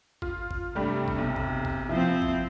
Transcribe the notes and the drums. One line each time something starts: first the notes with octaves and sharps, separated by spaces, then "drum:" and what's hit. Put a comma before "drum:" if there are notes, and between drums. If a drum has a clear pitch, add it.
F4, drum: kick G#1
drum: kick G#1
G2 C3 G3 A3
drum: kick G#1
B1
drum: kick G#1
drum: kick G#1
F3 C4 E4
drum: kick G#1